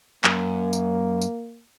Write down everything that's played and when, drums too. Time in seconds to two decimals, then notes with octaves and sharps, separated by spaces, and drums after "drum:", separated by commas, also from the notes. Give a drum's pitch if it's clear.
0.24 F#2 A#3, drum: clap
0.73 drum: tambourine
1.21 drum: tambourine